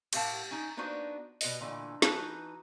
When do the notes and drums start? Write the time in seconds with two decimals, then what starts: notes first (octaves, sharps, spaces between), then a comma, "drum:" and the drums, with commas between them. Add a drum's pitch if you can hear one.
0.13 A2 G4 A#4 F5 F#5 A5, drum: cymbal
0.51 C#4 D#4
0.77 A#3 B3 D4 D#4 F#4 C5
1.41 B2 B4 D#5, drum: open hi-hat
1.61 A#2 D3 E3 A3
2.02 E3 D#4 F#4 B4 A5, drum: snare